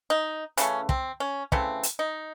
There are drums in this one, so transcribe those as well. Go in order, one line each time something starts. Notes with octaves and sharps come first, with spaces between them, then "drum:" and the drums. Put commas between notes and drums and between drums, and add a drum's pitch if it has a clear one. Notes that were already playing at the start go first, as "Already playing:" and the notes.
D#4
C#3 E3 A3 C#4, drum: hi-hat
C4, drum: kick
C#4
C#3 E3 A3 C4, drum: kick
drum: hi-hat
D#4